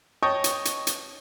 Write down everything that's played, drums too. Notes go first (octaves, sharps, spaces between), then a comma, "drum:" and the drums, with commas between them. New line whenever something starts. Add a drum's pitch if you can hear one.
C#5 D#5 G5 A5 C#6 D#6
drum: hi-hat
drum: hi-hat
drum: hi-hat